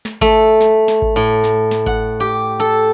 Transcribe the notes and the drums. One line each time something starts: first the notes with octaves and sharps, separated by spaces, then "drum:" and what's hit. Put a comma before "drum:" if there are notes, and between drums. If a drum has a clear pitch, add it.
drum: snare
A3, drum: kick G#1
drum: snare
drum: snare
drum: kick G#1
A2
drum: snare
drum: snare
F#5, drum: kick G#1
G4
A4